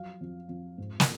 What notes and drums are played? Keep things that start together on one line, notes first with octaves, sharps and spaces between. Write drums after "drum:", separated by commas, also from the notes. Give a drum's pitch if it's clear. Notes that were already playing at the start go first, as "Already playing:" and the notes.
Already playing: F3 F#3 F5
F2
F2
G#2
drum: snare